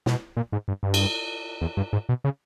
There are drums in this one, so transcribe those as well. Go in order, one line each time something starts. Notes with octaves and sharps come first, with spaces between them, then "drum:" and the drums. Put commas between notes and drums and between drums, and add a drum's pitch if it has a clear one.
B2, drum: snare
A#2
G#2
G2
G2
drum: cymbal
E2
G2
G#2
B2
C#3